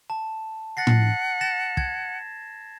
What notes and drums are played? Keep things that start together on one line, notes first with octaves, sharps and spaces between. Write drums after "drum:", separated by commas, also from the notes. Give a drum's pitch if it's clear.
A5
F#5 A6 A#6 C7
drum: tom A2
A6 A#6 E7
G#6, drum: kick